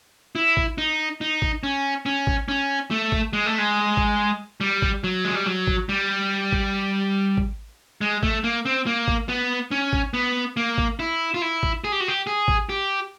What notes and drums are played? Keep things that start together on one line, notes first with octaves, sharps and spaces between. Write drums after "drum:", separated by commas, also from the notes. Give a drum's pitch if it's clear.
E4
drum: kick A1
D#4
D#4
drum: kick A1
C#4
C#4
drum: kick A1
C#4
A3
drum: kick A1
G#3
A3
G#3
drum: kick A1
G3
drum: kick A1
F#3
G#3
G3
F#3
drum: kick A1
G3
drum: kick A1
drum: kick A1
G#3
A3, drum: kick A1
A#3
C4
A#3
drum: kick A1
B3
C#4
drum: kick A1
B3
A#3
drum: kick A1
E4
F4
E4
drum: kick A1
G#4
G4
F#4
G4
G#4
drum: kick A1
G4